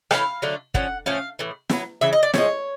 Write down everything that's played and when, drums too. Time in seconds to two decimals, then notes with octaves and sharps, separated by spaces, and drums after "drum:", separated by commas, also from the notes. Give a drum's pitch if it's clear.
0.11 E3 A3 C#4 E4 F5, drum: rim click
0.42 D3 F#3 A3 D4
0.74 D3 F3 C#4 F#5, drum: kick
1.06 A2 F3 A3 C#4 F5
1.39 A2 E3
1.70 F#3 B3 E4, drum: snare
2.01 C#3 E3 E5
2.13 D#5
2.23 D5
2.34 A2 F3 G#3 C#5, drum: snare